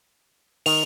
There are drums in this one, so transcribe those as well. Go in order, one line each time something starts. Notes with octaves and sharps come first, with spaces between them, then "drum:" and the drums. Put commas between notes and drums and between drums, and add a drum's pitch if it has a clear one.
D#3 F7, drum: open hi-hat